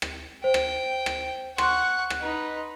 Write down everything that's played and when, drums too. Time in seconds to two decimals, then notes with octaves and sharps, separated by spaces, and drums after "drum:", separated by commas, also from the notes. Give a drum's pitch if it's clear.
0.02 drum: rim click
0.44 C5 G5
0.54 drum: rim click
1.06 drum: rim click
1.58 F#5 C6 C#6 F#6, drum: rim click
2.10 drum: rim click
2.21 D#4 B4